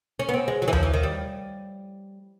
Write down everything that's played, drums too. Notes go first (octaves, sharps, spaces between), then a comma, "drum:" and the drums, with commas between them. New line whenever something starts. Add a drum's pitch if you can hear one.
C#4
B3
C4
G#3
F#3
E3
F3, drum: tom D#2
E3
D#3
G3